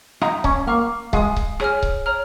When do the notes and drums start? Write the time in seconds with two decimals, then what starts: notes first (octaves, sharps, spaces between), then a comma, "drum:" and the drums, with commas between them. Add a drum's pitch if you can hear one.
0.21 D#4 F5 A#5 D#6, drum: rim click
0.44 C#4, drum: kick C#1
0.67 A#3 F5 A#5 C#6 F6
1.13 G#3 F5 G#5 D#6, drum: kick C#1
1.36 drum: kick C#1
1.60 G#4 C#5 G#5 F6, drum: rim click
1.83 drum: kick C#1
2.06 C#5 A#5 F6